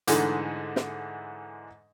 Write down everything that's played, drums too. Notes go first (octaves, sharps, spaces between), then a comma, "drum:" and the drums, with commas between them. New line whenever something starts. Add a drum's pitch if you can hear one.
G#2 D3 E3 G#3 A3, drum: hi-hat
drum: snare